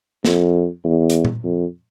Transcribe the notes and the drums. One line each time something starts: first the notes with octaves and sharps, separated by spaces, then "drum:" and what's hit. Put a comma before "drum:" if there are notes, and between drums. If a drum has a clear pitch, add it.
F2, drum: snare
E2
drum: hi-hat
drum: tom A#2
F2